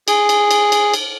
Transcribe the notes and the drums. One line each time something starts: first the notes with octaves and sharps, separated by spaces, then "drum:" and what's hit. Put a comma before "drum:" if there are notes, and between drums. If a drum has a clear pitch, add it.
G#4, drum: cymbal
drum: cymbal
drum: cymbal
drum: cymbal
drum: cymbal